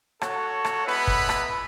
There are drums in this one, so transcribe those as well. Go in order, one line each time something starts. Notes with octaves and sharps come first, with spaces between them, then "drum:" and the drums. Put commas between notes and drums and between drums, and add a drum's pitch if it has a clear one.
F#4 A4 C#5 F#5, drum: rim click
drum: rim click
G#3 B3 E4 B4
drum: kick
drum: rim click